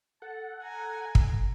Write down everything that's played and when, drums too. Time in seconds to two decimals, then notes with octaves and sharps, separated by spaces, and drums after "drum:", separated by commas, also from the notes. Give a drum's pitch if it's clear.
0.22 A4 F#5 A5
0.63 G#5 A#5
1.15 drum: kick